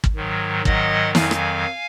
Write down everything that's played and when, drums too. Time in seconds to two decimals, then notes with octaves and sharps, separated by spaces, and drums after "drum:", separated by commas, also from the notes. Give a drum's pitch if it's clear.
0.04 drum: kick
0.15 G#2 D#3 F#3
0.65 G#2 D#3 F#3 D#5 F#5, drum: kick
1.15 F2 D#3 F#3 F5 G#5, drum: snare
1.31 drum: rim click